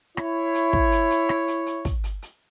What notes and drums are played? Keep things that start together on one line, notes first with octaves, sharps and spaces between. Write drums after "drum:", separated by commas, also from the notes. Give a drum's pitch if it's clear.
E4 C#5, drum: rim click
drum: hi-hat
drum: kick
drum: hi-hat
drum: hi-hat
drum: rim click
drum: hi-hat
drum: hi-hat
drum: kick, hi-hat
drum: hi-hat
drum: hi-hat